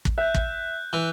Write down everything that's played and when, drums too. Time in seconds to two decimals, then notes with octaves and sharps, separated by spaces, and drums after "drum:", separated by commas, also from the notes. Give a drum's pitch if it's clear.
0.05 drum: kick
0.18 E5 F#6 G6
0.34 drum: kick
0.93 E3